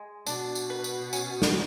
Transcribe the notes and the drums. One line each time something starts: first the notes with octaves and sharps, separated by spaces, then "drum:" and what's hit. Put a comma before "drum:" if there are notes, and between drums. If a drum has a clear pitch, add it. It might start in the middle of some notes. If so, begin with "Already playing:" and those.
Already playing: G#3
B2 D4, drum: tambourine
drum: tambourine
B4
drum: tambourine
C#4, drum: tambourine
drum: snare